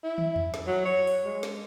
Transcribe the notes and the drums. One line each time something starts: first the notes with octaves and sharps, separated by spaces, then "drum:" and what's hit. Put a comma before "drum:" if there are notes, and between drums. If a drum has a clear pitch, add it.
E4
drum: tom
drum: tom E2
drum: snare
F#3
C#5
drum: open hi-hat
G#3
drum: snare